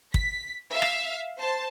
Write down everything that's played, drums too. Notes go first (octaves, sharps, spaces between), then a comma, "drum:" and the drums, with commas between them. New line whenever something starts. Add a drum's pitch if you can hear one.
B6, drum: kick
E5 F5
drum: rim click
C5 A5